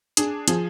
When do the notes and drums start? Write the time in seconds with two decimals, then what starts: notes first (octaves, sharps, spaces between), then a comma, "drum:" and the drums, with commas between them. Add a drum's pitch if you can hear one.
0.17 D4 G#4, drum: hi-hat
0.48 F3 G#4, drum: hi-hat